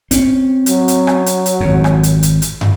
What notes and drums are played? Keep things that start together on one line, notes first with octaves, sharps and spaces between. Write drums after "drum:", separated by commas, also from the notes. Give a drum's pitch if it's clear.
C4 C#4, drum: kick, hi-hat
F#3, drum: hi-hat
drum: hi-hat
drum: rim click
drum: hi-hat
drum: hi-hat
G#1 F2
drum: rim click
drum: hi-hat
drum: hi-hat
drum: hi-hat
drum: tom